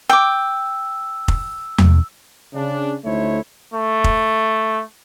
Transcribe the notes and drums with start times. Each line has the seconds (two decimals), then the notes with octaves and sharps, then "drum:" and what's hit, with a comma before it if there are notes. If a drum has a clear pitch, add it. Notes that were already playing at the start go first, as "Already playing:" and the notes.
0.10 G5 D6 E6
1.28 drum: kick F1
1.78 drum: tom E2
2.54 C#3 D4
3.05 D2 A3 D#4 E4 C5 C#5
3.74 A3
4.04 drum: kick F1